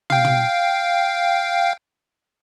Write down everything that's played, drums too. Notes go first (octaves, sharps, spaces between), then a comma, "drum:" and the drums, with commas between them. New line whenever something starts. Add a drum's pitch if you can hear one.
F5 G5, drum: tom
drum: tom